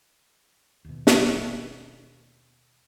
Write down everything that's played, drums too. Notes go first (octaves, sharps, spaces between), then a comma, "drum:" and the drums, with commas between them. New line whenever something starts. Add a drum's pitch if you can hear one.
D#2 B2
drum: snare